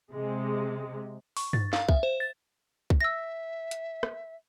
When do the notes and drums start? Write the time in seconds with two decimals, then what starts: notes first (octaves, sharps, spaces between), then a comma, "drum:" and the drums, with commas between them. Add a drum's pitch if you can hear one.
0.12 C3 G#3
1.37 C#6, drum: open hi-hat
1.53 A6, drum: tom G2
1.73 F5, drum: snare
1.89 E5, drum: kick
2.03 C5
2.20 A6
2.90 drum: kick
3.01 E5 E6 A#6
3.71 drum: hi-hat
4.03 drum: rim click